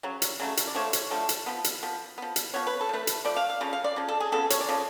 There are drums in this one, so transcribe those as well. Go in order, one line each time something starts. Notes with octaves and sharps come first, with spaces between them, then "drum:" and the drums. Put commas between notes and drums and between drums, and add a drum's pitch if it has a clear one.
C#3 F#3
drum: hi-hat
C#3 F#3 A3
drum: hi-hat
D5
D3 F3 A3 C#5
drum: hi-hat
D3 F3 A3 A4
drum: hi-hat
F3 B3
drum: hi-hat
F3 B3
F3 B3
drum: hi-hat
F3 B3 C#5
B4
A4
F3
A3 B4
drum: hi-hat
F3 A3 D5
F5
F5
C#3 F3
F5
D5
C#3 F3
A4
G#4
C#3 F3 B3 A4
C#5, drum: hi-hat
D5
C#3 F3